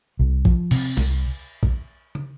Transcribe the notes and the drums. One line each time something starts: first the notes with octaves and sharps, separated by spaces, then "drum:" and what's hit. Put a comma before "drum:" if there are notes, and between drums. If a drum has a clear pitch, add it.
C2
F3, drum: kick A#1
C3, drum: cymbal
C2, drum: snare
drum: kick A#1
drum: tom